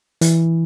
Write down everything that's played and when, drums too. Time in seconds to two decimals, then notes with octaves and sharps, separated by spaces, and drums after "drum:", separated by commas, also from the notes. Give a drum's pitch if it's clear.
0.21 E3, drum: hi-hat